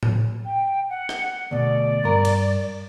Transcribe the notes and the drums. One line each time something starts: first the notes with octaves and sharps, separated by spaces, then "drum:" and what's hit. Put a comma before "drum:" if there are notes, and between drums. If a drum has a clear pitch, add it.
drum: tom A2
G5
F#5
drum: rim click
D2 B2 D5
G2 A#4
drum: cymbal